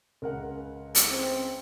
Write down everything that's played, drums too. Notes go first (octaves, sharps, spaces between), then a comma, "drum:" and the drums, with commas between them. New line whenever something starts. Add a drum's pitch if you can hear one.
C#2 A#4 F#5
drum: hi-hat
C4